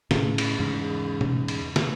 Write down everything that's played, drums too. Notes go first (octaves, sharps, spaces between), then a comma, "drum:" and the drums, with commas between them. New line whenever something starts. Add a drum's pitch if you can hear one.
A2 C#3, drum: snare
drum: cymbal
E2 G#2 C#3
drum: tom B2
drum: cymbal
drum: snare